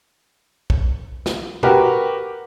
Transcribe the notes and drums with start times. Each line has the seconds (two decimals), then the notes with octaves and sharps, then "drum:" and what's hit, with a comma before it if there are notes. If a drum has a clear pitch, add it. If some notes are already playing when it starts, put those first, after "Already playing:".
0.70 drum: kick
1.26 drum: snare
1.63 F#4 G4 A#4 B4, drum: tom B2